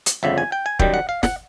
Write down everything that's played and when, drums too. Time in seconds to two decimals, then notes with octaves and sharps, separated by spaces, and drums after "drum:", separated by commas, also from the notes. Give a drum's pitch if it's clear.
0.06 drum: hi-hat
0.23 G1 F2 C#3 E5
0.38 G#5
0.52 G5
0.66 G#5
0.79 F#2 D#3 G3 G5, drum: kick
0.94 F#5
1.09 F5
1.23 F#5, drum: snare